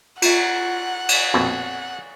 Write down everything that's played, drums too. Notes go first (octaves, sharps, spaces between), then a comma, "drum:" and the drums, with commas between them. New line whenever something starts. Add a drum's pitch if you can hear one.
F4 E5 F#5, drum: cymbal
drum: cymbal
A#1 F2 B2